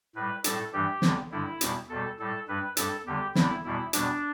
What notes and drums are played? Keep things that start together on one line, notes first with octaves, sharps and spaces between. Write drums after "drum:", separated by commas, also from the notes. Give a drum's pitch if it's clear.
A2 G3 B4
A2 G3 A4, drum: hi-hat
G2 E3 G3 G4
E2 D3 G3, drum: snare
G2 D3 G3 E4
E2 B2 G3, drum: hi-hat
E2 B2 G3 A4
A2 G3 A4
G2 G3 B4
G2 G3 A4, drum: hi-hat
E2 D3 G3 G4
E2 D3 G3 E4, drum: snare
E2 B2 G3 E4
E2 B2 G3 D4, drum: hi-hat